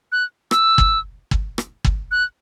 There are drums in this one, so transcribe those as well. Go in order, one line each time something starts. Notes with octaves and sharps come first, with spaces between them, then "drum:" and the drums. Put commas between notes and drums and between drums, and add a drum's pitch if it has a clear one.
F#6
E6, drum: rim click
drum: kick
drum: kick
drum: rim click
drum: kick
F#6